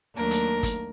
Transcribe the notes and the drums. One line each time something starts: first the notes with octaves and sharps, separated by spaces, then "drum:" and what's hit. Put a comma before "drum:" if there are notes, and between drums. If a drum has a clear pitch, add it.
D#2 D#3 F#3 A3 A#3 D4 A#4
drum: hi-hat
drum: kick, hi-hat